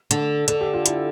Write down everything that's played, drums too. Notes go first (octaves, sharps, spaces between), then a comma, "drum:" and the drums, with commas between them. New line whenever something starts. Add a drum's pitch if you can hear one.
D3, drum: hi-hat
D3 A4, drum: hi-hat
G4
F4
E4, drum: hi-hat